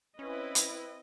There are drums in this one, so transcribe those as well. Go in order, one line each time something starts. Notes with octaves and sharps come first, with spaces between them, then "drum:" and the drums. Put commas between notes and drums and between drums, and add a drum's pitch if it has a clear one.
C4 C#4 E4 B4 D#5
drum: hi-hat